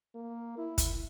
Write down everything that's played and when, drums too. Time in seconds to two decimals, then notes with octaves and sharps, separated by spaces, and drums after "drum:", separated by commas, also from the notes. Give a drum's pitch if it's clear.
0.15 A#3
0.58 E4
0.78 drum: kick, hi-hat